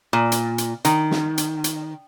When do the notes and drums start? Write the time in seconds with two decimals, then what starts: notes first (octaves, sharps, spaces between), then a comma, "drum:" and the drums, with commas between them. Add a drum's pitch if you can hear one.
0.13 A#2
0.32 drum: hi-hat
0.58 drum: hi-hat
0.85 D#3, drum: hi-hat
1.11 drum: snare
1.38 drum: hi-hat
1.64 drum: hi-hat